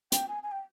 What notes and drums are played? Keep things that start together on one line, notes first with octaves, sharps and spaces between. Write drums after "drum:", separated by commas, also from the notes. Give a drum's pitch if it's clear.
G5, drum: hi-hat
G#5
G#5
G5